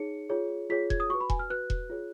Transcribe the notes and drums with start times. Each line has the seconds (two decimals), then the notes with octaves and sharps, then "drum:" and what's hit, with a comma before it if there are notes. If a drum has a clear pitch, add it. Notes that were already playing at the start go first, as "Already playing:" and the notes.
Already playing: D#4 G#4 C#5 C#7
0.30 F4 G#4 C#5
0.69 F4 G#4 C#5 B6
0.90 G#6, drum: kick E1
1.00 D#6
1.10 F#4 B4 C#6
1.21 B5
1.30 G#5, drum: kick E1
1.39 F6
1.50 F#4 B4 F#6
1.70 drum: kick E1
1.90 F4 G#4 C#5